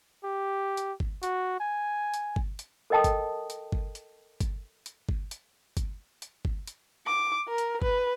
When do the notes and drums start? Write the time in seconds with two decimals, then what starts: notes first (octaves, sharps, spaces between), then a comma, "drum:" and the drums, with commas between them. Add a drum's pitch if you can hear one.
0.24 G4
0.77 drum: hi-hat
1.00 drum: kick G1
1.23 F#4, drum: hi-hat
1.60 G#5
2.14 drum: hi-hat
2.36 drum: kick G1
2.59 drum: hi-hat
2.90 A4 A#4 D#5 G5 A5 D#6
3.04 drum: kick G1, hi-hat
3.50 drum: hi-hat
3.72 drum: kick G1
3.95 drum: hi-hat
4.41 drum: kick G1, hi-hat
4.86 drum: hi-hat
5.09 drum: kick G1
5.31 drum: hi-hat
5.77 drum: kick G1, hi-hat
6.22 drum: hi-hat
6.45 drum: kick G1
6.67 drum: hi-hat
7.06 D6
7.48 A#4
7.58 drum: hi-hat
7.82 B4, drum: kick G1